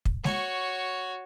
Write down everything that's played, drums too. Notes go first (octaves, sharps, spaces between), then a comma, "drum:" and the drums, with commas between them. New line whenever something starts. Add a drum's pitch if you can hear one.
drum: kick
F#4 C#5, drum: snare G#3